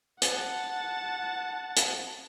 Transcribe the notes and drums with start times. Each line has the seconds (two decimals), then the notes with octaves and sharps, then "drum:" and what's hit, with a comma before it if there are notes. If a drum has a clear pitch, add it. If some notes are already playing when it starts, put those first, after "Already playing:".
0.22 F#5 A5, drum: hi-hat
1.77 drum: hi-hat